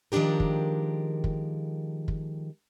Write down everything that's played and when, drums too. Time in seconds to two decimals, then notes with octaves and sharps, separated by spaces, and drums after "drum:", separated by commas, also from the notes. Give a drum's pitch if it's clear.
0.12 D#3 F3 G#3 D4 G4 A#4
0.40 drum: kick
1.24 drum: kick
2.08 drum: kick